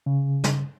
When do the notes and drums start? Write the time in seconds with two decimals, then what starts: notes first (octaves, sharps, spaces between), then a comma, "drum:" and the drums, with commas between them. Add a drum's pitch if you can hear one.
0.06 C#3
0.44 drum: snare